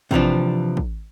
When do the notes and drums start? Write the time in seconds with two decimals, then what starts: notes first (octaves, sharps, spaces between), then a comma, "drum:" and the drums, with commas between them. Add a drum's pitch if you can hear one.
0.11 C3 E3 F3 D4, drum: kick
0.77 drum: kick